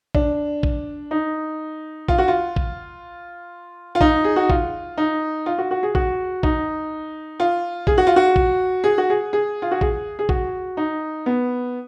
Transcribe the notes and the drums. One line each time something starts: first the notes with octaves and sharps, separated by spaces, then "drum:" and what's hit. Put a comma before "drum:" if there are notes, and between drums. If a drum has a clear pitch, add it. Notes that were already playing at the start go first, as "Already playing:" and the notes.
D4, drum: kick
drum: kick
D#4
F4, drum: kick
F#4
F4
drum: kick
F4
D#4, drum: kick
G#4
F#4
F4, drum: kick
D#4
F4
F#4
F#4
G#4
F#4, drum: kick
D#4, drum: kick
F4
G#4, drum: kick
F#4
F4
F#4
drum: kick
G#4
F#4
G#4
G#4
F4
F#4
G#4, drum: kick
G#4
F#4, drum: kick
D#4
B3